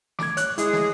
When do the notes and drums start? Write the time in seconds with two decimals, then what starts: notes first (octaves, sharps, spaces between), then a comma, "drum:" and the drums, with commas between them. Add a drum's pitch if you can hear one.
0.19 D6 G#6, drum: snare
0.37 C#5 F#6, drum: hi-hat
0.58 G#3 E4 G#4, drum: hi-hat
0.73 drum: snare